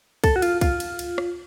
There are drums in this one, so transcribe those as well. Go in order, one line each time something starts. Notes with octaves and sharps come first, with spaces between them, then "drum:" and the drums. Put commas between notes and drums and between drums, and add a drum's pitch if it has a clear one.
A4, drum: kick, cymbal
F#4
F4, drum: cymbal
F4, drum: kick, cymbal
drum: cymbal
drum: cymbal
drum: rim click